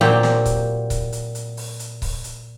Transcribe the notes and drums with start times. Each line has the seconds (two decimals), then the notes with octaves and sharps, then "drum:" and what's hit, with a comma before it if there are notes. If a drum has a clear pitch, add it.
0.01 A#2 F#3 A#3 C4 G4
0.23 drum: snare
0.45 drum: kick C#1, hi-hat
0.90 drum: kick C#1, hi-hat
1.12 drum: hi-hat
1.35 drum: hi-hat
1.57 drum: open hi-hat
1.79 drum: hi-hat
2.02 drum: kick C#1, open hi-hat
2.24 drum: hi-hat